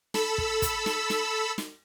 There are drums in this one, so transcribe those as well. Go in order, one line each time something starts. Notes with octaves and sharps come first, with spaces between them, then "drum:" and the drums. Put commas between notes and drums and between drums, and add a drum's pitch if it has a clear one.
A4 B5 E6, drum: snare
drum: kick
drum: kick, hi-hat
drum: snare
drum: snare
drum: snare